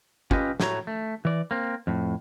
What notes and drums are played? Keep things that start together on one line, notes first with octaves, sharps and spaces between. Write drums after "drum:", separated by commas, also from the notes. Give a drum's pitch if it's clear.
C#4 F4 G4 B4 D#5, drum: kick
A2 A3 D4 F#4 C#5 A#5, drum: snare
A3
E3 D5
A#3 C4
F2 A2